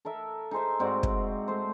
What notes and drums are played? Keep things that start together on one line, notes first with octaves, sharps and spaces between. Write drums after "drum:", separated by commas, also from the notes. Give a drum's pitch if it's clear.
A4 A#4 E5
D#4 G#4 C5 E5
G#2 C4 F#4 D5
drum: kick
A3 C5